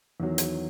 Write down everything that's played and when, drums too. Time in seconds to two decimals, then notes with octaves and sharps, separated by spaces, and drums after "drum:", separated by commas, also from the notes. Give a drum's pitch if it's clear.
0.20 E2 D#3 F#3
0.38 drum: hi-hat